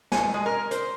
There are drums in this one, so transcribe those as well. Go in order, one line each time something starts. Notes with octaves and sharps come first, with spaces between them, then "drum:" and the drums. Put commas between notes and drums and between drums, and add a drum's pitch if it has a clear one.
G#5, drum: snare
G#3
A#4
C5, drum: hi-hat